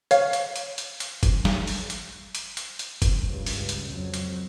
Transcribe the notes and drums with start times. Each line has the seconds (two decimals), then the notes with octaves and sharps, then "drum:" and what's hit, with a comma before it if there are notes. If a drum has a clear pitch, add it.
0.11 C#5 F5, drum: hi-hat
0.33 drum: hi-hat
0.56 drum: hi-hat
0.78 drum: hi-hat
1.00 drum: hi-hat
1.23 drum: kick, hi-hat
1.45 drum: snare
1.67 drum: open hi-hat
1.90 drum: hi-hat
2.35 drum: hi-hat
2.57 drum: hi-hat
2.79 drum: hi-hat
3.02 drum: kick, hi-hat
3.27 C#2 G2
3.46 drum: open hi-hat
3.69 drum: hi-hat
3.86 F2 F#3
4.14 drum: hi-hat